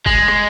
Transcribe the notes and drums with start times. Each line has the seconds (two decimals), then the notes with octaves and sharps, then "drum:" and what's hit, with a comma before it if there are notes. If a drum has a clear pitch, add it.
0.06 G#3, drum: kick F#1
0.28 drum: rim click